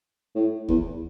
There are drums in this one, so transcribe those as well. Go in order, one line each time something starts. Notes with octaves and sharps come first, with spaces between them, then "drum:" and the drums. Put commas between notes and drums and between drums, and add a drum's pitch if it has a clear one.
A2
E2, drum: kick